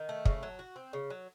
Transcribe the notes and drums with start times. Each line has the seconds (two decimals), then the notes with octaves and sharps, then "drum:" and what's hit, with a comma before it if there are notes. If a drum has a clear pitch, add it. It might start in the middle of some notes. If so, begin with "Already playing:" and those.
Already playing: D#3
0.09 A3
0.25 C#3, drum: kick
0.43 F#3
0.59 F#4
0.76 C4
0.93 C#3
1.10 F#3